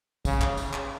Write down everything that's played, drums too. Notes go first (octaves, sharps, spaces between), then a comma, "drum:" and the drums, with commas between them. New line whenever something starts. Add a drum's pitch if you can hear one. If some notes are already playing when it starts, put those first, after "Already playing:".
C#3, drum: kick, tambourine
drum: clap
drum: tambourine
drum: clap